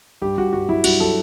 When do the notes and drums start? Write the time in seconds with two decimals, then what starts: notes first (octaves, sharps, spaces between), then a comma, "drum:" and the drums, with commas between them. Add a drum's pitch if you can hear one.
0.22 G2 G4
0.37 G2 F#4
0.53 G2 F#4
0.69 F#3 E4
0.84 G2 F#4, drum: cymbal
1.00 F#3 A4